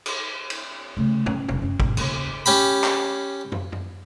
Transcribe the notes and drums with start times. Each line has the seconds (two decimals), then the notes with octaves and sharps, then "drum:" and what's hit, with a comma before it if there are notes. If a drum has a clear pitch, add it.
0.06 drum: cymbal
0.50 drum: cymbal
0.97 C#3 A3
1.26 C#4, drum: tom
1.49 E1 C#3, drum: tom
1.62 F#2
1.80 G#2 B2, drum: kick
1.97 D#2 C#3, drum: cymbal
2.46 C#4 G4 B5
2.84 drum: clap
3.52 drum: tom
3.72 drum: tom